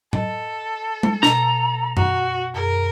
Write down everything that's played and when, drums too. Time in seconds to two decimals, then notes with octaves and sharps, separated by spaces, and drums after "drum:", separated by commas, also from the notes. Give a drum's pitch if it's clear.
0.13 A4 D#5, drum: tom A2
1.03 drum: tom G#3
1.23 B2 A#5, drum: snare
1.97 F#4, drum: tom F#2
2.54 F#2 G#4 A#4